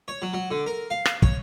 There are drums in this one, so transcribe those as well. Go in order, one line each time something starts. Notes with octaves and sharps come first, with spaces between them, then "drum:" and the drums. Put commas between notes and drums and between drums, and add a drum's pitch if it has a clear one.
C#5
F#3
F#3
D3
A#4
F5
drum: rim click
C#5, drum: kick